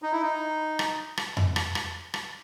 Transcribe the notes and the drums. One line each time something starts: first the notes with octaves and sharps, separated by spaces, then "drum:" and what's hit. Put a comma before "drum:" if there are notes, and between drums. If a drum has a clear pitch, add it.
D#4
E4
D#4
drum: rim click
drum: rim click
drum: tom F2
drum: rim click
drum: rim click
drum: rim click